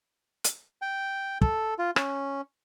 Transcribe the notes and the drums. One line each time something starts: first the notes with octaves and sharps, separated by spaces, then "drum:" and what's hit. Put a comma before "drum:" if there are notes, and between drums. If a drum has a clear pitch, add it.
drum: hi-hat
G5
A4, drum: kick
F4
C#4, drum: rim click